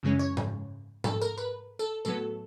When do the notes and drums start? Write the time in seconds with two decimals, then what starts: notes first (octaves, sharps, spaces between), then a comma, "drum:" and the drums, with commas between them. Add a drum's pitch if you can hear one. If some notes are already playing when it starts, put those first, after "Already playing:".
0.03 F#2 C#3 E3 G#3 C#4
0.19 C#5
0.37 drum: tom G#2
1.04 A4, drum: tom G#2
1.22 A#4
1.38 B4
1.79 A4
2.05 A2 F#3 B3 A4